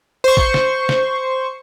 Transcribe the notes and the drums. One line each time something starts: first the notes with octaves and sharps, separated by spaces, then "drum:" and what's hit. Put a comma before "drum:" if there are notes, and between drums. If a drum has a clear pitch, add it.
C5 C#6
drum: kick A1
drum: snare
drum: snare